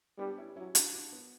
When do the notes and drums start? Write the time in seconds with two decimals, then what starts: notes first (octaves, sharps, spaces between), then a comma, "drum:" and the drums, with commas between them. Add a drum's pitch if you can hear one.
0.19 G3 B3 D4
0.38 C#4 E4
0.56 F#3 C#4 E4
0.75 D4 F#4, drum: hi-hat
0.94 D4 F#4
1.12 B3